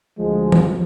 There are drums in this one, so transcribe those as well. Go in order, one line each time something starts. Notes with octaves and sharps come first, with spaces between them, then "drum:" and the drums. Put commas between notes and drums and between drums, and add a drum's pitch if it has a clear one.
D2 F3 G#3
drum: tom E3